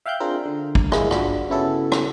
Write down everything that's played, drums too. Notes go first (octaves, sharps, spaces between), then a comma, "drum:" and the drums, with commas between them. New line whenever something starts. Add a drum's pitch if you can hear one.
E5 F5 G5 F#6 G6
C4 D4 F4 G#4 A#4
D3
drum: kick
G#3 A#3 E4 G#4, drum: rim click
G1 D4 F4 F#4 B5, drum: rim click
C#3 B3 C#4 E4 F#4 A4
drum: rim click